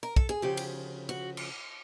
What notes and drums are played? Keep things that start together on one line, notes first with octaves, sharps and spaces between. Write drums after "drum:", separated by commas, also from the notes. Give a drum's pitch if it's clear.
A#4
A4, drum: kick
G#4
D2 C#3 F3 G4
drum: cymbal
F#4
drum: cymbal